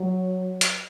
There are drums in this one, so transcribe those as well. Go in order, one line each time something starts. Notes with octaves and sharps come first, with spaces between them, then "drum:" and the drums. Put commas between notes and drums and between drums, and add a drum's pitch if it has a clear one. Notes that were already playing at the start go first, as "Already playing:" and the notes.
Already playing: F#3
drum: hi-hat